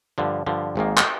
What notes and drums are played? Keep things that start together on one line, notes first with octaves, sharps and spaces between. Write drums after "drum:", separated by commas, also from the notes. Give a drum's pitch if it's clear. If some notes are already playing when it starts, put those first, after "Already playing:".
G2 D3 F3
G2 D3 F3
G#1 G#2 D#3 A#3
drum: clap